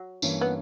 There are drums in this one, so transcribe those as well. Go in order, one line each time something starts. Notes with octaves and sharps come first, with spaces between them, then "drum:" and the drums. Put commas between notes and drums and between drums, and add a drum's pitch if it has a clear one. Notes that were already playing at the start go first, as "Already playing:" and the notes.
Already playing: F#3
G2 E3 A#3 C#4, drum: tambourine
B3